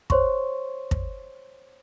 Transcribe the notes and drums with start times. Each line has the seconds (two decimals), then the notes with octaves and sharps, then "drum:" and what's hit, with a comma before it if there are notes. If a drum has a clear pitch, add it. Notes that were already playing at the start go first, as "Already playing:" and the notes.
0.10 C5 C#5 C6 C#6, drum: kick
0.91 drum: kick